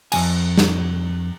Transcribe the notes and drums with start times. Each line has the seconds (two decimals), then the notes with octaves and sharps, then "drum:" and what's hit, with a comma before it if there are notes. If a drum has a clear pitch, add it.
0.12 F2 E3 G#5, drum: cymbal
0.58 drum: snare